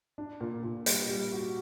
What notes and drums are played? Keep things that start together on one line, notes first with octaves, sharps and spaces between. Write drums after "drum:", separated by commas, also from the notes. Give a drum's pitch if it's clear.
D4
A#2
A#2
G3, drum: hi-hat
G3
F#4